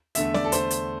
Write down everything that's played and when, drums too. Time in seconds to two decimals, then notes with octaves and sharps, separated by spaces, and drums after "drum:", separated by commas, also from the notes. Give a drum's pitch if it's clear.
0.15 E2 D3 A3 E5, drum: hi-hat
0.34 D5, drum: snare
0.45 A4
0.52 E2 D3 A3 C5, drum: hi-hat
0.71 drum: hi-hat